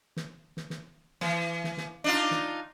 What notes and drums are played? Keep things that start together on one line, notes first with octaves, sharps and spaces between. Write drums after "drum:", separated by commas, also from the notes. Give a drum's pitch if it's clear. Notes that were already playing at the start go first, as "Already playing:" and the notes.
drum: snare
drum: snare
drum: snare
E3, drum: snare
drum: snare
drum: snare
D4 D#4 F4
drum: snare